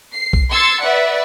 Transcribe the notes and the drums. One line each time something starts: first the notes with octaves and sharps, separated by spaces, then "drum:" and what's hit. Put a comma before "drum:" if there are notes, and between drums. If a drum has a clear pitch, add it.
C7
drum: kick B1
C6 E6 G#6 A6 C#7
B4 D5 E5 F#5